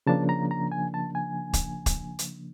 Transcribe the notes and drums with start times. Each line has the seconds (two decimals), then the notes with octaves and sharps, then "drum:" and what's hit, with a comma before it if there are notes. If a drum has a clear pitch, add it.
0.07 C#3 F3 A#3 D4 A5
0.29 A#5
0.51 A#5
0.72 G#5
0.94 A5
1.15 G#5
1.53 drum: kick, hi-hat
1.86 drum: kick, hi-hat
2.19 drum: hi-hat